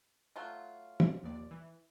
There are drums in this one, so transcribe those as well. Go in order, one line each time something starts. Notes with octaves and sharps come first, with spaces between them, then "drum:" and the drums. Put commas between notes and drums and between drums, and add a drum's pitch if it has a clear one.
F#3 A3 F4
drum: tom
A#1 D#2 D5
E3